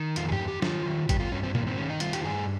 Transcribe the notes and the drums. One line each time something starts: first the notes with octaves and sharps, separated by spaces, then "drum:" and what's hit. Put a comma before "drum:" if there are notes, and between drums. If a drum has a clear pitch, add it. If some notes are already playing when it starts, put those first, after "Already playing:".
Already playing: D#3
F2 F4, drum: hi-hat
G#4
G4, drum: tom G2
F2
G4
D#3 F4, drum: snare
D#3
G2 G4, drum: kick G#1, hi-hat
F4
G2 C#4
C4
D#3 A#3, drum: tom A#2
C4
D#3 C#4
D#4
G2 F4, drum: hi-hat
G4, drum: hi-hat
G2 G#4